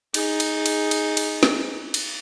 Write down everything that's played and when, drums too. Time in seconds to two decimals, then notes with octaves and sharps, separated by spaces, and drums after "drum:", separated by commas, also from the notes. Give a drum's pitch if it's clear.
0.14 D#4 G#4, drum: cymbal
0.40 drum: cymbal
0.66 drum: cymbal
0.91 drum: cymbal
1.17 drum: cymbal
1.43 drum: snare
1.94 drum: cymbal